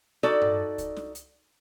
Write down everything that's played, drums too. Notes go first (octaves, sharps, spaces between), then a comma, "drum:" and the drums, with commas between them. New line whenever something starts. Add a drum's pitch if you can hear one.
D#4 F#4 A4 D5, drum: snare
drum: tom G2
drum: kick C#2, hi-hat
drum: snare
drum: hi-hat